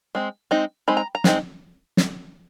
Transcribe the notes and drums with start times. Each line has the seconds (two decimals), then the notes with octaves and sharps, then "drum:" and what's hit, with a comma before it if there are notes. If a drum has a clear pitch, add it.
0.15 G#3 C4
0.51 G#3 C4 D#4
0.88 G#3 C4 D#4 B5
0.97 A#5
1.15 A#5
1.24 G#3 C4 D#4, drum: snare
1.97 drum: snare